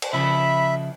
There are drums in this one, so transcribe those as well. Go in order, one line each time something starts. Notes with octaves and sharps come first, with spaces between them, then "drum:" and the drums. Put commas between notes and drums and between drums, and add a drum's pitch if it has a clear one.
drum: cymbal
C#3 F3 E4 E5 B5